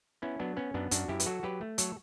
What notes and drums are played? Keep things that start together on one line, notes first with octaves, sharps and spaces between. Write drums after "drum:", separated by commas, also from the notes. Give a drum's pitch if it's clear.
B3 C#4 E4
F#3 B3 D4
B3 C#4
F#2 B3 D4
F#2 D4 F#4, drum: hi-hat
F#2 E4 G4
B4, drum: hi-hat
F#3 F#4 A4
F#3 G4 B4
A3
F#3 A4 C#5, drum: hi-hat